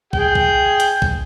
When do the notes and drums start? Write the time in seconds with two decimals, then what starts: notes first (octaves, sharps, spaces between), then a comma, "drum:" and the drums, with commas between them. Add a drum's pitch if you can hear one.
0.13 G#4 G5, drum: kick
0.35 drum: kick
0.80 drum: hi-hat
1.02 drum: kick